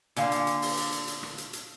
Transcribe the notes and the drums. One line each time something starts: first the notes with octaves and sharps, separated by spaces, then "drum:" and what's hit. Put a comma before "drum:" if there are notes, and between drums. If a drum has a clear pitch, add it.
A#2 D3 F5, drum: hi-hat
drum: hi-hat
drum: hi-hat
drum: open hi-hat
drum: hi-hat
drum: hi-hat
drum: hi-hat
drum: rim click
drum: hi-hat
drum: hi-hat